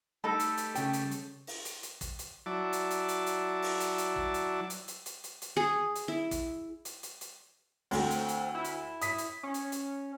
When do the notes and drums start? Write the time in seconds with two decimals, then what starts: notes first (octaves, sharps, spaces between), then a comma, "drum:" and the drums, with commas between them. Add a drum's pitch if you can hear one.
0.24 G3 A3 D#4 A4 B5 E6
0.40 drum: hi-hat
0.58 drum: hi-hat
0.75 C#3 G5, drum: hi-hat
0.93 drum: hi-hat
1.11 drum: hi-hat
1.47 drum: open hi-hat
1.65 drum: hi-hat
1.83 drum: hi-hat
2.01 drum: kick, hi-hat
2.19 drum: hi-hat
2.46 F#3 E4 D5 A5
2.73 drum: hi-hat
2.91 drum: hi-hat
3.09 drum: hi-hat
3.27 drum: hi-hat
3.62 drum: open hi-hat
3.80 drum: hi-hat
3.98 drum: hi-hat
4.16 drum: kick
4.34 drum: hi-hat
4.70 drum: hi-hat
4.88 drum: hi-hat
5.06 drum: hi-hat
5.24 drum: hi-hat
5.42 drum: hi-hat
5.57 G#4
5.96 drum: hi-hat
6.08 E4
6.31 drum: kick, hi-hat
6.85 drum: hi-hat
7.03 drum: hi-hat
7.21 drum: hi-hat
7.91 D2 C4 A4, drum: open hi-hat
8.11 drum: hi-hat
8.29 drum: hi-hat
8.55 E4
8.65 drum: hi-hat
9.01 D#6 B6, drum: hi-hat
9.18 drum: hi-hat
9.43 C#4
9.54 drum: hi-hat
9.72 drum: hi-hat